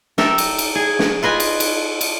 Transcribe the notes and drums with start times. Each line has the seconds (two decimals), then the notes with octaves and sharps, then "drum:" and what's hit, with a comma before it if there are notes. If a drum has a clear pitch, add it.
0.18 G4 A4 A#4 E5, drum: snare
0.38 drum: cymbal
0.58 drum: cymbal
0.75 G#4
0.99 drum: snare
1.23 F4 B4 D#5 G#5
1.40 drum: cymbal
1.60 drum: cymbal
2.01 drum: cymbal